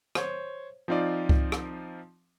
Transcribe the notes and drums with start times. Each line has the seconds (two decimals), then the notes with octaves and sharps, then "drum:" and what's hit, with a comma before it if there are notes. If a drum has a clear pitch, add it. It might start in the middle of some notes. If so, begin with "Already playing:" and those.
0.15 C5 C#5, drum: rim click
0.88 F3 C4 D#4 F4 D5
1.29 drum: kick C2
1.52 drum: rim click